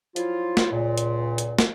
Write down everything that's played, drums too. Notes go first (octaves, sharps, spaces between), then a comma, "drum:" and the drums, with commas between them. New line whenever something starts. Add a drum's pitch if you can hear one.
F3 F#3 E4 F4, drum: hi-hat
drum: snare
C#2 A#2
drum: hi-hat
drum: hi-hat
drum: snare